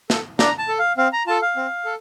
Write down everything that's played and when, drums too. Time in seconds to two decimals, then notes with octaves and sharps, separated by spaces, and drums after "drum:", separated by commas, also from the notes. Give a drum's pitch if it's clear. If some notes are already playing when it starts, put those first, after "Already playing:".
0.10 A4, drum: snare
0.39 D4 A#5, drum: snare
0.58 A5
0.68 A4
0.79 F5
0.97 C4 F5
1.13 A#5
1.27 F4 A4 A5
1.42 F5
1.56 C4
1.85 A4